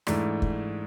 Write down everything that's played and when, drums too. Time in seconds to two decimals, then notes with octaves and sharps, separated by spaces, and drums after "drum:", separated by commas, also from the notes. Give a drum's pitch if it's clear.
0.07 G#2 E3 A3 D4, drum: rim click
0.42 drum: kick